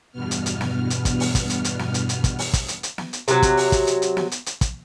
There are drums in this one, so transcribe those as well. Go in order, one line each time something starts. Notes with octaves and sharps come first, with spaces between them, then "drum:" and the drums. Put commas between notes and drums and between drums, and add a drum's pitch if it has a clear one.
E2 G2 B2 B3 F6
drum: hi-hat
drum: hi-hat
drum: snare
drum: hi-hat
drum: kick, hi-hat
drum: open hi-hat
drum: kick, hi-hat
drum: hi-hat
drum: hi-hat
drum: snare
drum: hi-hat
drum: hi-hat
drum: kick, hi-hat
drum: open hi-hat
drum: kick, hi-hat
drum: hi-hat
drum: hi-hat
drum: snare
drum: hi-hat
C3 F#3, drum: hi-hat
drum: kick, hi-hat
drum: open hi-hat
drum: kick, hi-hat
drum: hi-hat
drum: hi-hat
drum: snare
drum: hi-hat
drum: hi-hat
drum: kick, hi-hat